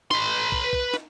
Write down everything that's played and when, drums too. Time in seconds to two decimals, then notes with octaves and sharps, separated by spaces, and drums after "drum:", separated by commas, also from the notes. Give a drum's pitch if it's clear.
0.11 B4 C6, drum: snare
0.52 drum: kick
0.73 drum: kick
0.94 drum: snare